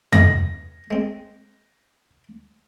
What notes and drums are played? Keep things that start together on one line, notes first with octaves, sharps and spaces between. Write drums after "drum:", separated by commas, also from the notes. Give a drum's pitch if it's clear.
B1 E4 D#5 A#6, drum: tom
G#3 C4